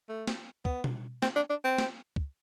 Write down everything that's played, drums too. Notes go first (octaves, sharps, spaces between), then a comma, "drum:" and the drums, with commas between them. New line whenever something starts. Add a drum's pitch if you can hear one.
A3
drum: snare
B3, drum: kick
drum: tom B2
C4, drum: snare
D4
D4
C4
drum: snare
drum: kick